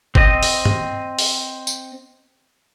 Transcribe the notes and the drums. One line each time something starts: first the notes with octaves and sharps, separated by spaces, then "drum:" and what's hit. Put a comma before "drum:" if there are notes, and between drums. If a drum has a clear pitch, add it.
C4 D#5, drum: kick F#1
drum: open hi-hat
drum: tom G2
drum: open hi-hat
drum: tambourine